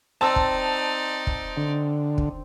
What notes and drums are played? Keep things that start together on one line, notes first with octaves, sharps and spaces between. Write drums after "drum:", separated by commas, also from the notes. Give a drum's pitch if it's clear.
C4 D#4 D5 A5 E6
drum: kick
drum: kick
D3
drum: kick